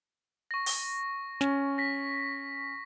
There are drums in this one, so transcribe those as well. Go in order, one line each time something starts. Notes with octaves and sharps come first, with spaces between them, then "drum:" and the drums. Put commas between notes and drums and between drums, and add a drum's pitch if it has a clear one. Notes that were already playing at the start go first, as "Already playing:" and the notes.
C#6 A#6
drum: open hi-hat
C#4, drum: snare
A#6 B6